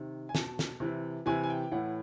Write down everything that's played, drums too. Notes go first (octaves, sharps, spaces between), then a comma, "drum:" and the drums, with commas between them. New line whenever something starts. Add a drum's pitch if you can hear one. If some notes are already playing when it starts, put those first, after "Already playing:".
Already playing: C3 D#3
G#5
B2 A5, drum: snare
drum: snare
C3 E3
C3 E3 G#5
G#5
G5
A2 E3 F#5